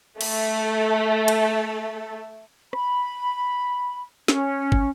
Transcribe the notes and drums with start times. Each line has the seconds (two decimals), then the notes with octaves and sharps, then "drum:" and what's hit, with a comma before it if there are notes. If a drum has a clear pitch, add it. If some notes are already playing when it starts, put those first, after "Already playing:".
0.21 A3 A4, drum: cymbal
1.28 drum: cymbal
2.73 B5, drum: rim click
4.28 C#4, drum: snare
4.72 drum: kick